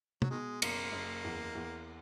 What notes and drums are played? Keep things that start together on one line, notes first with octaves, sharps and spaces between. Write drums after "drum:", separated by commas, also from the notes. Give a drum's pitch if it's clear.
F#3, drum: tom
B2 D#3 G#3
F#1 A#3, drum: cymbal
F#1
E2
E2